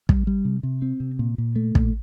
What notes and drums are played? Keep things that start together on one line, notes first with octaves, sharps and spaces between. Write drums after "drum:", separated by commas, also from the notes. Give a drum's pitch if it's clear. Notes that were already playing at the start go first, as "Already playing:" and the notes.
G3, drum: kick
G3
C3
C3
C4
C3
A#2
A#2
A3
A#2, drum: kick